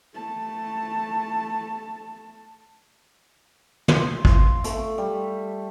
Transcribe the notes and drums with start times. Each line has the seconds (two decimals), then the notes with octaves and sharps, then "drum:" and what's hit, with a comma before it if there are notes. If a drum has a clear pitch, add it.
0.14 A3 A5
3.88 F4, drum: tom
4.25 C6, drum: kick G#1
4.64 A3, drum: hi-hat
4.98 G3